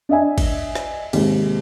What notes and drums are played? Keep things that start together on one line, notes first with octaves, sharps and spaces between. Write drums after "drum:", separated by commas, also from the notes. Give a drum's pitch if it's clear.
D4 D#5 E5 G#5
drum: kick, cymbal
drum: rim click
D#2 G#2 C3, drum: cymbal